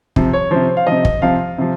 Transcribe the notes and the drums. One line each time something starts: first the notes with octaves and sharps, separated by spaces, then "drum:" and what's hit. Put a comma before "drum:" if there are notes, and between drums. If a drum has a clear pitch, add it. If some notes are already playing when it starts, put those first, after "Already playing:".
C3 F3, drum: kick
C#5
C3 F3 C5
F5
C3 F3 D#5
drum: kick
C3 F3 F5
C3 F3